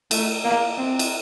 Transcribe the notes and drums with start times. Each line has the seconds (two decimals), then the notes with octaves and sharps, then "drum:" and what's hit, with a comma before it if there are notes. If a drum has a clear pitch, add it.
0.11 A3, drum: cymbal
0.44 A#3
0.77 C4
0.99 drum: cymbal